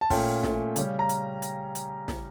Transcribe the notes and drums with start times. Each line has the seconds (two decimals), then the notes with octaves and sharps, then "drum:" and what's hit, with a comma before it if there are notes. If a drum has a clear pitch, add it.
0.01 A5
0.10 A#2 A3 C#4 G5, drum: kick, open hi-hat
0.43 A#2 A3 C#4, drum: snare
0.76 C#3 G3 C#4, drum: hi-hat
0.99 A#5
1.09 drum: hi-hat
1.42 drum: hi-hat
1.75 drum: hi-hat
2.08 drum: snare